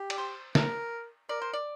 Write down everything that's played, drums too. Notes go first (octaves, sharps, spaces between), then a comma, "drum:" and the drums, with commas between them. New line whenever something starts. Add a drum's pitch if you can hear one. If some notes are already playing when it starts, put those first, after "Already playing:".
Already playing: G4
D5, drum: cymbal
C5
A#4, drum: snare
A#4 D5
C5
D5